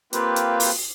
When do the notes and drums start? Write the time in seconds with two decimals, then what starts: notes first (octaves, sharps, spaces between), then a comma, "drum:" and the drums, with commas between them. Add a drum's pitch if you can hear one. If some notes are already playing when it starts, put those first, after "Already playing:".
0.13 A#3 C4 F4 G4 B4, drum: hi-hat
0.36 drum: hi-hat
0.60 drum: open hi-hat